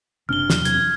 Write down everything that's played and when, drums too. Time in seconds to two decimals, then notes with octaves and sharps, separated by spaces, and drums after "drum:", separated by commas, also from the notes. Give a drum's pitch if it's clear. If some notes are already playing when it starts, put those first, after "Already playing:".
0.29 F#1 C3 D4 F6 G7
0.50 E2 C3 F#3, drum: snare
0.65 G#6, drum: hi-hat